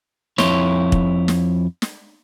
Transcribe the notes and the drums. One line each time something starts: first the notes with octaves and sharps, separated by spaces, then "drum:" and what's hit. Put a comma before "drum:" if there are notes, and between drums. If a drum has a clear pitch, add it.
F2 E4 C#5 C6, drum: snare
drum: kick
drum: snare
drum: snare